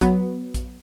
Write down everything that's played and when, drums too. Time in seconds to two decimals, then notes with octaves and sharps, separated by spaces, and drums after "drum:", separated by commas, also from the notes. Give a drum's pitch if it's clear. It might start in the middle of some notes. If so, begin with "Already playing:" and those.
0.01 F#3 B3, drum: kick A#1, hi-hat
0.54 drum: kick A#1, hi-hat